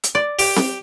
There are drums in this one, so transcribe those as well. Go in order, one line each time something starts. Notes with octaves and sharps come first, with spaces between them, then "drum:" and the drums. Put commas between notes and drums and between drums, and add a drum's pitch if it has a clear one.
drum: hi-hat
D5
G4 G5, drum: open hi-hat
drum: snare C4